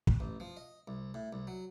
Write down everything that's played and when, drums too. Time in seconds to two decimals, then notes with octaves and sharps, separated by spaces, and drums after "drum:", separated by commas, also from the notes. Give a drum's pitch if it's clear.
0.07 drum: kick
0.20 A1
0.40 F3
0.57 D#5
0.88 C2
1.14 A2
1.33 C2
1.47 F#3